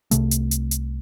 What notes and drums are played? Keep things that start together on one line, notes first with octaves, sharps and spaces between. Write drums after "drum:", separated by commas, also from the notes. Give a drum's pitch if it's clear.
C2 C3 A3, drum: hi-hat
drum: hi-hat
drum: hi-hat
drum: hi-hat